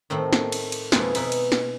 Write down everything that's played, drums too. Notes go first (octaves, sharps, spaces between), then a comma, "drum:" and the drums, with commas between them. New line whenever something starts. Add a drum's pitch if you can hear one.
A2 D#3 A3 C4
drum: snare
drum: cymbal
drum: cymbal
F2 B2 G#3 E4 F4 G#4, drum: snare
B2 D#4 E4 B5, drum: cymbal
drum: cymbal
drum: snare